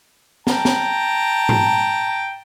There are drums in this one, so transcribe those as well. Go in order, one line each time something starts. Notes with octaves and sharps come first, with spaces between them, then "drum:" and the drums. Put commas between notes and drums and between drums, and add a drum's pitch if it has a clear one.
G5 A5 A#5, drum: snare
drum: snare
drum: tom G#2